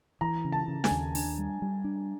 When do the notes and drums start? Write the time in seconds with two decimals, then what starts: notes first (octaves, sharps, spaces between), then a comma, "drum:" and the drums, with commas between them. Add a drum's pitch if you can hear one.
0.21 E3 A#5
0.45 C#3
0.53 A5
0.68 C#3
0.84 G#5, drum: snare
0.91 D#2
1.15 D4, drum: open hi-hat
1.38 G3
1.62 G3
1.84 D4